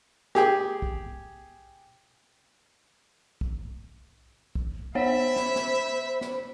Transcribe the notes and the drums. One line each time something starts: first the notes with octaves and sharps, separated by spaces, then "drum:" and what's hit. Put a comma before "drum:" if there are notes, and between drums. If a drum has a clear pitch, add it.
G4 G#4 G5, drum: snare
drum: kick
drum: kick
drum: kick
B3 C5 C#5 E5 F#5 B5
E7, drum: snare
drum: snare
drum: snare